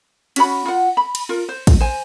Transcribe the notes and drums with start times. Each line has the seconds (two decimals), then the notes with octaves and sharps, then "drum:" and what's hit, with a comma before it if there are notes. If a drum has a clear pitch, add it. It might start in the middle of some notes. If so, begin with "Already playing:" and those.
0.36 C#4 F#4 B5, drum: cymbal
0.65 F4 F#5
0.97 B5
1.15 drum: cymbal
1.29 F4 A#4
1.49 C5
1.67 drum: kick, cymbal
1.80 C5 G#5